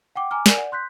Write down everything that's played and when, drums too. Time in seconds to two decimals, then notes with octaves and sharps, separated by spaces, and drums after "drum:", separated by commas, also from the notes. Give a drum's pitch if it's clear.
0.16 F#5 G5 D6
0.31 G#5 A#5 D6 F6
0.46 A#4 D5 G#5, drum: snare
0.57 D5 F#5
0.72 C6 F#6 G6 B6